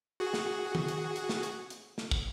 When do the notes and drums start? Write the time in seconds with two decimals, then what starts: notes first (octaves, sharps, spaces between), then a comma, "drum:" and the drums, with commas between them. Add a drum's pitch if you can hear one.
0.20 F#4 G#4
0.34 drum: snare
0.75 drum: tom D#3
0.88 drum: hi-hat
1.16 drum: hi-hat
1.29 drum: snare
1.43 drum: hi-hat
1.70 drum: hi-hat
1.98 drum: snare
2.11 drum: kick